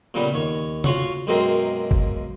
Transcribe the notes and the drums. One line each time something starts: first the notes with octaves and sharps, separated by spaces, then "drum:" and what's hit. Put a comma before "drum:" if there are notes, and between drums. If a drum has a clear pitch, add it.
A#2 C#3 G3 B3
D#2 C#5
F4 F#4 C#5 F#5, drum: tom C3
F#2 B2 G#3 A#3 C4
drum: kick G1